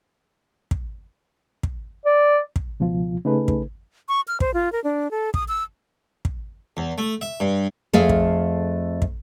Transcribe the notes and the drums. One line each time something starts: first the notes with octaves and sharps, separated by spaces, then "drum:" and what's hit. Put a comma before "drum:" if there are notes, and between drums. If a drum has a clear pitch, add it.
drum: kick
drum: kick
D5
drum: kick
C#2 B2 F3 F4
C#3 A3 D#4 G#4 A4 B4
drum: kick
C#6
F6
C5, drum: kick
F4
A#4
D4
A4
D#6, drum: kick
E6
drum: kick
E2
A3
E5
G2
F2 A3 G#4 E5 F5
drum: kick
drum: kick